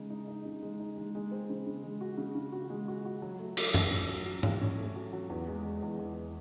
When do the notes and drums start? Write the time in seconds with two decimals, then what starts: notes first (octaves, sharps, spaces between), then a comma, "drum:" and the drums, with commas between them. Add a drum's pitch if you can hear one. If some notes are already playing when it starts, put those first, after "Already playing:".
Already playing: C#3 G#3 D#4
0.10 D#4
0.28 D#4
0.45 C#3
0.63 G#3
0.79 D#4
0.97 G#3
1.15 G#3
1.32 C4
1.50 C#3
1.67 C#3
1.83 G#3
2.01 F#4
2.18 C#3
2.35 C#3
2.52 F#4
2.70 G#3
2.88 F#4
3.05 F#4
3.22 F#3
3.39 A3
3.57 F#3, drum: cymbal
3.74 F#3, drum: tom F#2
3.91 C#4
4.09 F#3
4.26 F#3
4.43 F#3, drum: tom G#2
4.61 C#4
4.77 A3
4.96 F#3
5.13 F#3
5.30 E2
5.47 G#3
5.64 G#3
5.82 E2
5.99 E2